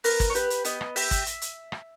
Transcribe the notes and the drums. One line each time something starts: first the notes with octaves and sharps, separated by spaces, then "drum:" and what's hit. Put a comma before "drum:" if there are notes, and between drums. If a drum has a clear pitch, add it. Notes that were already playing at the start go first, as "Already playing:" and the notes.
B3 A#4, drum: open hi-hat
drum: kick, hi-hat
C#5
G4 B4, drum: hi-hat
drum: hi-hat
B3 D#5, drum: hi-hat
drum: rim click
G4 E5, drum: open hi-hat
drum: kick, hi-hat
drum: hi-hat
drum: hi-hat
drum: rim click